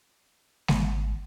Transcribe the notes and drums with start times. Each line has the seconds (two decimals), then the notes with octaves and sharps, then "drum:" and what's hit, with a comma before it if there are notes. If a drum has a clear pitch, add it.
0.68 G#1, drum: snare